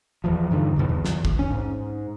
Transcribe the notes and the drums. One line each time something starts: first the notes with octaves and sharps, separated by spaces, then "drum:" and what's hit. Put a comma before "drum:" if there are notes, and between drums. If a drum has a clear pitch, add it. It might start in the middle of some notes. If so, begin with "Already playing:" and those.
E2 E3 F3
G2 D3 D#3
C2 F2 B2 D#3
E2
drum: snare
drum: kick
C#4
G#2